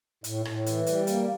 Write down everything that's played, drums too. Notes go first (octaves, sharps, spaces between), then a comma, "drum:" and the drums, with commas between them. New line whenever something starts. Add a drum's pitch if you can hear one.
A2, drum: hi-hat
A2, drum: rim click
E3, drum: hi-hat
G3, drum: hi-hat
A#3, drum: hi-hat